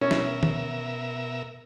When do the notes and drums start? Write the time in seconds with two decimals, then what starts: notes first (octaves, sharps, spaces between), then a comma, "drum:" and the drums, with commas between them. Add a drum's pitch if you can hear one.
0.01 B2 C#4 A#4 E5
0.11 drum: snare
0.43 drum: tom